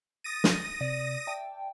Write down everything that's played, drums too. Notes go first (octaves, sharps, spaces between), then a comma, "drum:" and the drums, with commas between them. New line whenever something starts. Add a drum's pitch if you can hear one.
D#6 A6 A#6 D#7
drum: snare
C3 D5
D5 E5 G5 A5